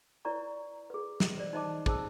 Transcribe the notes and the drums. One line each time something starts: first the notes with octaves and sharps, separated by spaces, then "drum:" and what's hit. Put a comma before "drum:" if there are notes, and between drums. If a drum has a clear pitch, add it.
E4 B4 C#5 D5 A#5 C#6
G#4 B4
D#5, drum: snare
C5 D5
D#4 C5 D#5 A5 D6
G#4 C5 A5 E6, drum: kick